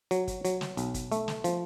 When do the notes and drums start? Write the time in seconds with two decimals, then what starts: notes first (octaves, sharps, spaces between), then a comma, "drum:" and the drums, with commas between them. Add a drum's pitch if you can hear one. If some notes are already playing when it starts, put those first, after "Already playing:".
0.11 F#3, drum: hi-hat
0.28 drum: kick, hi-hat
0.45 F#3, drum: hi-hat
0.61 drum: snare
0.77 B1, drum: hi-hat
0.94 drum: kick, hi-hat
1.12 A3, drum: hi-hat
1.28 drum: snare
1.44 F3, drum: hi-hat